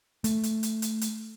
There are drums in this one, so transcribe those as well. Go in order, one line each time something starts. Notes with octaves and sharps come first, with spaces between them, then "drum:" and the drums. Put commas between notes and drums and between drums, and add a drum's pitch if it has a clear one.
A3, drum: hi-hat
drum: hi-hat
drum: hi-hat
drum: hi-hat
drum: hi-hat